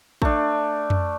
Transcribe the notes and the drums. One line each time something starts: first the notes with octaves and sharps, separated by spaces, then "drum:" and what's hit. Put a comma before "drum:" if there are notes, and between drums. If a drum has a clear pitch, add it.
A3 D4, drum: kick
drum: tom F2